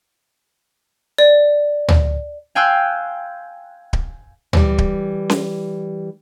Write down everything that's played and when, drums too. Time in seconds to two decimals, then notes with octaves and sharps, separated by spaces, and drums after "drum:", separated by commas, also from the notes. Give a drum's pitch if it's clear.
1.18 D5
1.88 drum: tom
2.55 F5 G5 G#5 C6 E6 F#6
3.93 drum: kick D1
4.53 E3 G3, drum: tom
4.78 drum: kick D1
5.30 drum: snare C#4